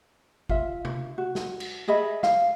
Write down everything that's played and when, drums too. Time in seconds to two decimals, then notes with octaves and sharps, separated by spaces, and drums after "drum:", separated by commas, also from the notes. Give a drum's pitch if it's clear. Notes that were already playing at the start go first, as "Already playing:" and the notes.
0.49 F4 E5, drum: kick G#1
0.85 drum: tom C3
1.18 F#4
1.35 drum: snare
1.60 drum: cymbal
1.88 G#4 D#5 E5 B5
2.23 F5, drum: snare